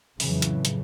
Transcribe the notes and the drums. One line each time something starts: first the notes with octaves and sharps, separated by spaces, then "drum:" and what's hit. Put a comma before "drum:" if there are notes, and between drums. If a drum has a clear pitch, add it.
F2 A2 C#3 E3 F#3, drum: open hi-hat
drum: hi-hat
drum: hi-hat